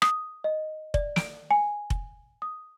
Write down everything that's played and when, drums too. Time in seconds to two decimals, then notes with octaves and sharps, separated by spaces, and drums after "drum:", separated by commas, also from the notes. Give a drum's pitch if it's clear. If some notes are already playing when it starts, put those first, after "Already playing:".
0.02 D#6, drum: rim click
0.44 D#5
0.94 D5, drum: kick F1
1.16 D7, drum: snare
1.51 G#5
1.90 drum: kick F1
2.42 D#6